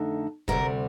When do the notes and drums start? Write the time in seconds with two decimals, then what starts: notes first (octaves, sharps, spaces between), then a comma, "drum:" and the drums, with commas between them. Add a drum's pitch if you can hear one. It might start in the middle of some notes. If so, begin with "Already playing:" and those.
Already playing: F2 D3 A3 D#4
0.48 D2 C3 G3 A#4, drum: kick